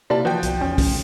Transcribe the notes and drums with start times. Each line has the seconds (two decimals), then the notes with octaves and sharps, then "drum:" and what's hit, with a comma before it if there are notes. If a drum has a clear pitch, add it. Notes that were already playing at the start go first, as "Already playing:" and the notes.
0.10 C3 A#3 E4 D5 A5
0.25 E3 F3 F#4 G5
0.43 B1 B3, drum: hi-hat
0.61 E2 C#4
0.78 A2 D3, drum: kick, open hi-hat